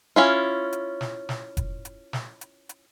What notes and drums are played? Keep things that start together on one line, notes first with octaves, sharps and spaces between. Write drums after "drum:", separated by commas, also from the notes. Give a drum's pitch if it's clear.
C#4 E4 F4
drum: hi-hat
drum: snare
drum: snare
drum: kick F1, hi-hat
drum: hi-hat
drum: snare
drum: hi-hat
drum: hi-hat